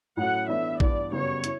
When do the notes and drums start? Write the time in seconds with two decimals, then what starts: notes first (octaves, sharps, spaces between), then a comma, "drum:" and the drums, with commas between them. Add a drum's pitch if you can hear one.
0.17 A2 F#3 C#4 F#4 A4 F#5
0.48 E3 B3 D4 A4 C#5 E5
0.80 G2 E3 B3 D5, drum: kick
1.12 F#2 C#3 G3 B3 C#5
1.44 E4, drum: hi-hat